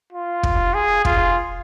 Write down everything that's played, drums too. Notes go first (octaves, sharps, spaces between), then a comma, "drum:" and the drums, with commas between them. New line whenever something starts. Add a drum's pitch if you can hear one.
F4
drum: kick
G#4
F4, drum: kick